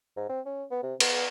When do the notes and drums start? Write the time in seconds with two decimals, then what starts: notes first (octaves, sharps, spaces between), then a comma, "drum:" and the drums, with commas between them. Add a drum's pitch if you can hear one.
0.17 G#2
0.29 C4
0.46 C#4
0.71 B3
0.83 C3
1.00 B3, drum: cymbal